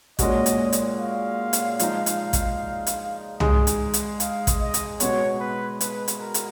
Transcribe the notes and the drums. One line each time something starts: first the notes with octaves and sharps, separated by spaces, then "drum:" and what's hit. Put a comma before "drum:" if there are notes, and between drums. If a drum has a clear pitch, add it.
A#2 G#3 C#4 F#4 D#5, drum: kick, hi-hat
drum: hi-hat
drum: hi-hat
F5
drum: hi-hat
F3 G#3 D#4, drum: hi-hat
drum: hi-hat
drum: kick, hi-hat
drum: hi-hat
G#3 D#4 G#4, drum: tom C2
drum: hi-hat
drum: hi-hat
F5, drum: hi-hat
drum: kick, hi-hat
D#5
drum: hi-hat
B2 G#3 B3 C#5, drum: hi-hat
B4
B4, drum: hi-hat
drum: hi-hat
A#4
drum: hi-hat